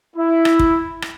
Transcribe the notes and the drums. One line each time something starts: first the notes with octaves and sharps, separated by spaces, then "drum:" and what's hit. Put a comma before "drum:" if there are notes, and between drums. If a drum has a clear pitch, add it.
E4
drum: rim click
drum: kick
drum: rim click